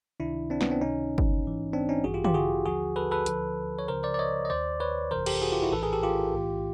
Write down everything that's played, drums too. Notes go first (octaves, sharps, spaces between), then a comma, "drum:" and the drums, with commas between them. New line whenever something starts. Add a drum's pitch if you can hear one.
C#2 C3 D#3 D4 E4
C4 D4
B3 C#4, drum: snare
C4 D4
C#2 C3 D#3 C#4 D#4
drum: kick
A1 G#2 E3
C4 D4
C#4 D#4
A1 G2 E3 F#4 G#4
F4 G4
F4 G4, drum: tom
F#4 G#4
D#2 D3 F3 F#4 G#4
A4 B4
A4 B4
D2 D3 F3, drum: hi-hat
C#5
C#2 C#3 F3 A#4 C5
C5 D5
D5
C#5 D#5
D#5
D#2 D#3 C5 D5
B4 C#5
G1 F2 C3 E3 A#4 C5
G4 A4, drum: cymbal
F#4 G#4
F4 G4
E4 F#4
A#1 A2 E3 A4 B4
G#4 A#4
G4 A4
F4 G4
B1 A2 E3